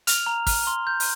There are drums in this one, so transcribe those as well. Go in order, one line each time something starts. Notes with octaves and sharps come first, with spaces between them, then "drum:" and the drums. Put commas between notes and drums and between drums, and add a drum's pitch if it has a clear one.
F6 F7, drum: hi-hat
A#5
F6, drum: kick, open hi-hat
C6
G6
drum: open hi-hat